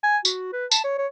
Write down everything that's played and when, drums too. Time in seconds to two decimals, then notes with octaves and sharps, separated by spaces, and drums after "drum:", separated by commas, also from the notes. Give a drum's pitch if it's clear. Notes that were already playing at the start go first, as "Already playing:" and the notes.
0.03 G#5
0.25 F#4, drum: tambourine
0.53 B4
0.71 A5, drum: tambourine
0.84 C#5
0.98 C#5